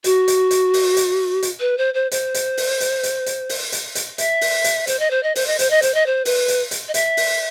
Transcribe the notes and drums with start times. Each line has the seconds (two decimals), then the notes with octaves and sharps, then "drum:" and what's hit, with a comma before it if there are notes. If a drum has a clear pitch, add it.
0.04 F#4, drum: hi-hat
0.28 drum: hi-hat
0.51 drum: hi-hat
0.74 drum: open hi-hat
0.97 drum: hi-hat
1.43 drum: hi-hat
1.60 B4
1.78 C5
1.94 C5
2.11 C5, drum: hi-hat
2.34 drum: hi-hat
2.57 drum: open hi-hat
2.80 drum: hi-hat
3.03 drum: hi-hat
3.26 drum: hi-hat
3.49 drum: open hi-hat
3.72 drum: hi-hat
3.95 drum: hi-hat
4.18 E5, drum: hi-hat
4.41 drum: open hi-hat
4.64 drum: hi-hat
4.87 C5, drum: hi-hat
4.99 D#5
5.11 C5
5.23 D#5
5.35 C5, drum: open hi-hat
5.47 D#5
5.59 C5, drum: hi-hat
5.70 D#5
5.82 C5, drum: hi-hat
5.94 D#5
6.06 C5
6.25 B4, drum: open hi-hat
6.48 drum: hi-hat
6.71 drum: hi-hat
6.88 D#5
6.94 E5, drum: hi-hat
7.17 drum: open hi-hat